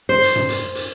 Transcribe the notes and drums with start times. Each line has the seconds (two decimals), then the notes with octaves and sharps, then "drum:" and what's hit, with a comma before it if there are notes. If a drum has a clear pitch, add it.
0.09 C5
0.22 drum: hi-hat
0.36 drum: tom
0.49 drum: hi-hat
0.75 drum: hi-hat